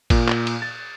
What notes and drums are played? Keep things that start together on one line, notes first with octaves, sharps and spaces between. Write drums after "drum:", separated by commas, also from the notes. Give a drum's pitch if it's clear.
A#2, drum: kick, cymbal
drum: clap
drum: cymbal
A6